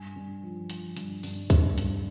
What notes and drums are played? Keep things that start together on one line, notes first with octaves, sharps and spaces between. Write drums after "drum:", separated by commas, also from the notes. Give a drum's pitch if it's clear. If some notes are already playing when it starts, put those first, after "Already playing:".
Already playing: G2 G#5
G2
F3
F3, drum: hi-hat
G2, drum: hi-hat
G2, drum: open hi-hat
G2, drum: kick C2, hi-hat
G2, drum: hi-hat